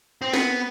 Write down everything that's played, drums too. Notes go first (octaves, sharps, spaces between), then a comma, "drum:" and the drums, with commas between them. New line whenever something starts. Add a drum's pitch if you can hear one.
C4
B3, drum: snare